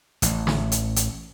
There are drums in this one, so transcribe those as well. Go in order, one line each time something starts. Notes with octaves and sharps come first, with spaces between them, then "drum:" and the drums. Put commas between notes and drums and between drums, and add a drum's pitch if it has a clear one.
A1, drum: hi-hat
drum: snare
drum: hi-hat
drum: hi-hat